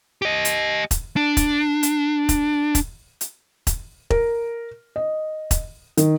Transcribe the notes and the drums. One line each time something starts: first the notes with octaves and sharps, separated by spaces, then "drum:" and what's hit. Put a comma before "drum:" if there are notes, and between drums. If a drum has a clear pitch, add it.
G4 D#5
drum: hi-hat
drum: kick E1, hi-hat
D4
drum: kick E1, hi-hat
drum: hi-hat
drum: kick E1, hi-hat
drum: kick E1, hi-hat
drum: hi-hat
drum: kick E1, hi-hat
A#4, drum: kick E1
D#5
drum: kick E1, hi-hat
D#3, drum: hi-hat